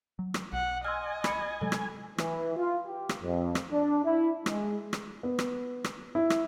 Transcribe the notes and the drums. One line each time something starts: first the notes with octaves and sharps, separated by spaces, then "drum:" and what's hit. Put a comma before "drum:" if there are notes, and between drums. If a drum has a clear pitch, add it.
F#3
drum: rim click
B1 F#5
D#5 G#5 C6 E6 F6
B5 C#7, drum: rim click
C3 F#3 G#3 A4
drum: rim click
E3, drum: rim click
F4
G4
drum: rim click
F2
drum: rim click
D4
E4
G#3, drum: rim click
drum: rim click
B3
drum: rim click
drum: rim click
E4
drum: rim click